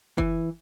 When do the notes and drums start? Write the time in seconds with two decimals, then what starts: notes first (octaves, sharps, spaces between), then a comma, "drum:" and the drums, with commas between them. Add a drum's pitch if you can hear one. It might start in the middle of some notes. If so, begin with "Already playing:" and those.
0.18 E3, drum: kick F#1